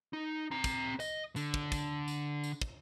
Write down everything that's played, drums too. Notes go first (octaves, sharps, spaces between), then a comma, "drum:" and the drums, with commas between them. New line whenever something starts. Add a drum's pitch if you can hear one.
D#4
C4 A#5
drum: kick, tambourine
D#5, drum: tambourine
D3, drum: tambourine
drum: kick
drum: kick, tambourine
drum: tambourine
drum: tambourine
drum: kick